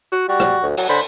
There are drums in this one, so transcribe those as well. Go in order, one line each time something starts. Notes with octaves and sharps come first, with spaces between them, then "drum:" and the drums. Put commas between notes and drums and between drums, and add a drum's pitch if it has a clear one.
F#4
G3 F#4
drum: rim click
D2
F#3, drum: open hi-hat
D3 C5 B5